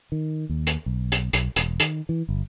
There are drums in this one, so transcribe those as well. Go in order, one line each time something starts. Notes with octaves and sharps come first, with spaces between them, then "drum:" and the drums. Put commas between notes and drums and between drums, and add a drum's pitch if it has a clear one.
D#3
D#2
drum: hi-hat
B1
drum: hi-hat
B1, drum: hi-hat
E1, drum: hi-hat
D#3, drum: hi-hat
E3
G1